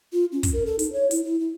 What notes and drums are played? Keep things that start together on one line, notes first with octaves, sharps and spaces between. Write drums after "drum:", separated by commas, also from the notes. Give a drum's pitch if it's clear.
F4
C#4
drum: kick, hi-hat
A#4
A4
D#4, drum: hi-hat
C#5
E4, drum: hi-hat
E4
E4